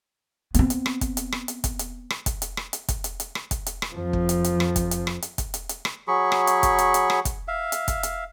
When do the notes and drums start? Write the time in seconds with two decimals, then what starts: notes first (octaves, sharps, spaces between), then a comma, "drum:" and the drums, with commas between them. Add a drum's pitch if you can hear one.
0.54 B3 C4, drum: hi-hat
0.70 drum: hi-hat
0.86 drum: rim click
1.01 drum: kick, hi-hat
1.17 drum: hi-hat
1.32 drum: rim click
1.48 drum: hi-hat
1.64 drum: kick, hi-hat
1.79 drum: hi-hat
2.10 drum: rim click
2.26 drum: kick, hi-hat
2.42 drum: hi-hat
2.57 drum: rim click
2.73 drum: hi-hat
2.88 drum: kick, hi-hat
3.04 drum: hi-hat
3.20 drum: hi-hat
3.35 drum: rim click
3.51 drum: kick, hi-hat
3.66 drum: hi-hat
3.82 drum: rim click
3.94 F2 F3
4.13 drum: kick
4.29 drum: hi-hat
4.44 drum: hi-hat
4.60 drum: rim click
4.76 drum: kick, hi-hat
4.91 drum: hi-hat
5.07 drum: rim click
5.22 drum: hi-hat
5.38 drum: kick, hi-hat
5.54 drum: hi-hat
5.69 drum: hi-hat
5.85 drum: rim click
6.08 F#3 G#4 B5 C#6
6.32 drum: rim click
6.47 drum: hi-hat
6.63 drum: kick, hi-hat
6.78 drum: hi-hat
6.94 drum: hi-hat
7.10 drum: rim click
7.25 drum: kick, hi-hat
7.48 E5 F5
7.72 drum: hi-hat
7.88 drum: kick, hi-hat
8.03 drum: hi-hat